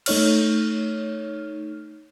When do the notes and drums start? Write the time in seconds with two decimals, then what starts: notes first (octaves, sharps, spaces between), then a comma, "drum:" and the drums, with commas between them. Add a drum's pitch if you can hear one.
0.06 A3 D#4 C#5 F6, drum: cymbal